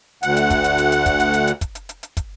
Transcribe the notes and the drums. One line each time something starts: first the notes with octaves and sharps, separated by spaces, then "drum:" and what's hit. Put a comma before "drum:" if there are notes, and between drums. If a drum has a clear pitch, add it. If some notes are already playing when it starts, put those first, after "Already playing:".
D2 F#5, drum: hi-hat
drum: hi-hat
drum: kick, hi-hat
drum: hi-hat
drum: hi-hat
drum: hi-hat
drum: kick, hi-hat
drum: hi-hat
drum: hi-hat
drum: hi-hat
drum: kick, hi-hat
drum: hi-hat
drum: hi-hat
drum: hi-hat
drum: kick, hi-hat